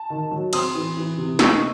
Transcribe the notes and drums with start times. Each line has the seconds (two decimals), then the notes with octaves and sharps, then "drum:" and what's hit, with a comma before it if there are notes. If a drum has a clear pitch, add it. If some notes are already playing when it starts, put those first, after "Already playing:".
Already playing: A5
0.10 D#3
0.31 F#3
0.53 C4 C6 D#6, drum: cymbal
0.75 E3
0.97 E3
1.18 C3
1.39 D#4 C#6 E6, drum: snare